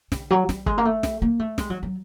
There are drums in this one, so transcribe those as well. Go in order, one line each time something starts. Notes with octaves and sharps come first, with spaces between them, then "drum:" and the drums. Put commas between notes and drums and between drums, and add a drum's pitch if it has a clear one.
D3, drum: snare
F#3
G3, drum: snare
G#3, drum: kick
A#3
A3
drum: snare
A#3
A3
G#3, drum: snare
F#3
F#3